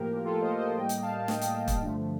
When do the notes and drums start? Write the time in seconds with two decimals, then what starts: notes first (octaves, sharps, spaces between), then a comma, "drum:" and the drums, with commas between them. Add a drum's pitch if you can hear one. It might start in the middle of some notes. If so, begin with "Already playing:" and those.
Already playing: A2 F3 A#3 G4 A#4
0.24 F4 A4
0.41 C5 D#5
0.58 C5 D#5
0.76 A2 G3 A#3 D#5 G5
0.89 drum: hi-hat
1.02 F5 A5
1.20 A5
1.28 D#5 G5, drum: snare
1.41 drum: hi-hat
1.68 drum: kick, hi-hat
1.81 G2 D3 F3 A3